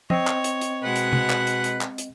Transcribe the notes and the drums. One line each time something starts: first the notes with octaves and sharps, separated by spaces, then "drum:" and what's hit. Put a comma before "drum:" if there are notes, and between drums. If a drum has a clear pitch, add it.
C4 C#5 D#5, drum: tom
drum: clap
drum: hi-hat
drum: hi-hat
B2 G#3 B4 F#5
drum: hi-hat
drum: tom C3
drum: clap
drum: hi-hat
drum: hi-hat
drum: clap
drum: hi-hat